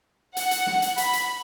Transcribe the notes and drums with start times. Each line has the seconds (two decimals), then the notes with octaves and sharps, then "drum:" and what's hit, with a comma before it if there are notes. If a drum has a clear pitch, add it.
0.37 F#5, drum: hi-hat
0.51 drum: hi-hat
0.67 drum: snare
0.82 drum: hi-hat
0.98 B5, drum: hi-hat
1.13 drum: hi-hat